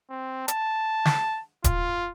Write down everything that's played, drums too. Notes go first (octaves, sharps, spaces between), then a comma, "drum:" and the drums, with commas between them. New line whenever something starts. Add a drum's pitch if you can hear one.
C4
A5, drum: hi-hat
drum: snare
F4, drum: kick D#1, hi-hat